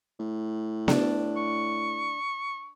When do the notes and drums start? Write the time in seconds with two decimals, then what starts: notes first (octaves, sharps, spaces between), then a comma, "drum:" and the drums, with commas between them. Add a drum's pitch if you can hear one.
0.19 A2
0.88 D4, drum: snare B3
1.37 C#6